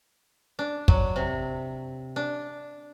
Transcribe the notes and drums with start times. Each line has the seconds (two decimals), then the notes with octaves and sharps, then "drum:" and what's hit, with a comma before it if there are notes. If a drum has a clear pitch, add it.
0.59 D4
0.88 F#3, drum: kick
1.16 C3
2.16 D4